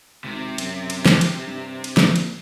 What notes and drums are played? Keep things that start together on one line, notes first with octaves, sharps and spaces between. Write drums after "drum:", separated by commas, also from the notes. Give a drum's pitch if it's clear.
G#1 C3
F#2, drum: cymbal
drum: cymbal
drum: snare
drum: cymbal
G2
drum: cymbal
A#1, drum: snare
drum: cymbal